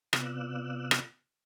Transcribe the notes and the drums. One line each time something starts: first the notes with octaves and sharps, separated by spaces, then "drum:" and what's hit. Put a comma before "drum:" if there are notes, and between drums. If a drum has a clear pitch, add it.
C3 B3 F4 D5 E6 F#6, drum: rim click
drum: rim click